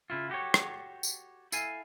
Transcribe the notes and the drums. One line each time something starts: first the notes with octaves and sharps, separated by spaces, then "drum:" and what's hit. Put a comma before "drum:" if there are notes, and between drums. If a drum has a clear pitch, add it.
C#3 E4 F4
F#4 G4 A4 C#5
drum: rim click
drum: tambourine
E4 A4 F5 G#5, drum: tambourine